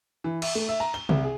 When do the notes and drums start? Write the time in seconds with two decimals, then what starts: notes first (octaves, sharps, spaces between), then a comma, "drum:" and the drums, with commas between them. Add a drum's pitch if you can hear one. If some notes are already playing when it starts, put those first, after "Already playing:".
0.24 E3
0.42 E5, drum: cymbal
0.55 A3
0.69 E5
0.80 A#5
0.94 G7
1.09 C2, drum: tom C3
1.24 G#4